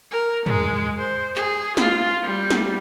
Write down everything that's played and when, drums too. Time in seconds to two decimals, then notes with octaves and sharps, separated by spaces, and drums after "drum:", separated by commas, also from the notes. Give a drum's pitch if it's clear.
0.11 A#4
0.46 G#3, drum: tom
0.98 C5
1.36 G#4, drum: clap
1.77 F4, drum: snare
2.23 G3
2.50 drum: snare